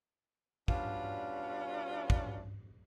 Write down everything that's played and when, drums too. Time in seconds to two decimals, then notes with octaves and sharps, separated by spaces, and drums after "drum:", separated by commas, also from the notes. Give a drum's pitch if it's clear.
0.68 B2 G3 C#4 D4 F4, drum: kick
2.10 drum: kick